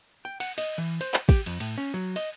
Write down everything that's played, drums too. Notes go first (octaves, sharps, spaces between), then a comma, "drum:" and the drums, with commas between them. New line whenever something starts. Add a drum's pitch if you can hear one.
G5
F#5, drum: cymbal
D#5, drum: cymbal
E3
C5, drum: cymbal
drum: clap
G4, drum: kick, cymbal
F2, drum: cymbal
A2, drum: cymbal
C#4
F#3
D#5, drum: cymbal